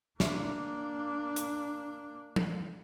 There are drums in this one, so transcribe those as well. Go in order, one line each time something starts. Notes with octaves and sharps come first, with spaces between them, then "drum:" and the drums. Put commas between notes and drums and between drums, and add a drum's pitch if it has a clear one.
A#3 D4, drum: snare
drum: hi-hat
drum: tom F3